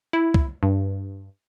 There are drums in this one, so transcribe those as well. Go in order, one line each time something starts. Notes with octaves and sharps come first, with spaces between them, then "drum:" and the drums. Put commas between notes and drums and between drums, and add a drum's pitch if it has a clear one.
E4
drum: kick
G2